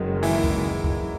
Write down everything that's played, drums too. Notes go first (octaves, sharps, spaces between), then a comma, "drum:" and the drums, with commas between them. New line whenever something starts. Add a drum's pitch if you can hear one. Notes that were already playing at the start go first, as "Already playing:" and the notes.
Already playing: F#1 F#2 D#3 F#3 G#3
E3 E4, drum: open hi-hat
drum: kick C#2
drum: kick C#2